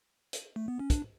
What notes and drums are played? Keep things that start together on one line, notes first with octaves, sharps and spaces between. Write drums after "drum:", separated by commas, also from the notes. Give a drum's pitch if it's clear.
drum: hi-hat
A3
B3
C#4
D4, drum: kick, hi-hat